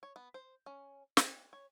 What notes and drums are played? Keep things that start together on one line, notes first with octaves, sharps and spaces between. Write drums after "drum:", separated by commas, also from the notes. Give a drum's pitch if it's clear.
C#5
B3
C5
C#4
C4, drum: snare
C#5